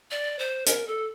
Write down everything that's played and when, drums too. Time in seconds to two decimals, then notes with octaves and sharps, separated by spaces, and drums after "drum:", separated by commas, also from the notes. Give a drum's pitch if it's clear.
0.11 D5
0.39 C5
0.66 A#4, drum: hi-hat
0.87 A4